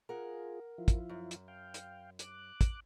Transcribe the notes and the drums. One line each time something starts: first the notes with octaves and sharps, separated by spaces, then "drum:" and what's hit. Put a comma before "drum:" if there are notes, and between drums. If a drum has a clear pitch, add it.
F4 G#4 A#4 F#5
F3 E4 F4
drum: kick, hi-hat
F#2
drum: hi-hat
F5 G5
drum: hi-hat
D6 F#6, drum: hi-hat
drum: kick, hi-hat